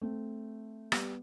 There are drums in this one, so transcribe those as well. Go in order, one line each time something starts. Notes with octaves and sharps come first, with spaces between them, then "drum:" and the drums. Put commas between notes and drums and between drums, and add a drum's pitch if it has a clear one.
A3 C4
G3 B3, drum: rim click